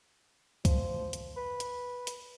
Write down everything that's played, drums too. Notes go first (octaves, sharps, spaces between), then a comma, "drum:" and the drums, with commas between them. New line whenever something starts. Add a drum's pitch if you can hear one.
F3, drum: kick, hi-hat
drum: hi-hat
B4
drum: hi-hat
drum: hi-hat